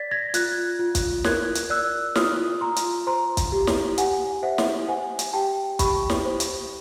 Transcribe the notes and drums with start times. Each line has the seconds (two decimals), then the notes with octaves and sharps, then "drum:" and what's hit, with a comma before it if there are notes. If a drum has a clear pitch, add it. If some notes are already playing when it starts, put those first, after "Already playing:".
Already playing: D5 A6 B6
0.11 G#6 A#6
0.34 F4 F#6 G#6, drum: hi-hat
0.79 F4
0.95 drum: kick, hi-hat
1.24 A#4 F#6 G#6, drum: snare
1.55 drum: hi-hat
1.70 D5 E6 F#6
2.15 F4 D#6 F6, drum: snare
2.61 F4 A#5 C6
2.76 drum: hi-hat
3.07 C5 A#5 C6
3.37 drum: kick, hi-hat
3.52 G4
3.67 drum: snare
3.98 G4 F#5 G#5, drum: hi-hat
4.43 C5 E5 F#5
4.58 drum: snare
4.88 C5 F#5 G#5
5.19 drum: hi-hat
5.33 G4 G5 A5
5.79 G4 B5 C#6, drum: kick, hi-hat
6.10 drum: snare
6.25 C5
6.40 drum: hi-hat